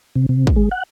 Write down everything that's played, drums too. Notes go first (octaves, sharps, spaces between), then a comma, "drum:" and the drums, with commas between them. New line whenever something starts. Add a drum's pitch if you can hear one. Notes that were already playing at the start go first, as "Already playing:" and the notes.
C3
C3
drum: kick
G#3
F#5